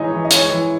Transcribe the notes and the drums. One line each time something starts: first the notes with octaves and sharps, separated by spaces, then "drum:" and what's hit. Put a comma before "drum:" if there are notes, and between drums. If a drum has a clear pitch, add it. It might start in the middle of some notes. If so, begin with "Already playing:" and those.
Already playing: E3 G#3 D#4 C#5 D#5
E3
D#5
G#3 C#5, drum: hi-hat
E3